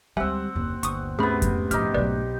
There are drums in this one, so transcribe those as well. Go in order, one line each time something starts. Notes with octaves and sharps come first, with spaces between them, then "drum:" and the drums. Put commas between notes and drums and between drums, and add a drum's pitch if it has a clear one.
D2 G3 G#3 C4 E5 F#5 G#5
F#1 D#2
G1 C#6 D#6, drum: hi-hat
G#2 C3 A3 B3 C#4 G#4 B5
drum: kick F2, hi-hat
A#1 F2 D#4 G4 F6, drum: hi-hat
B1 F#3 B4 D5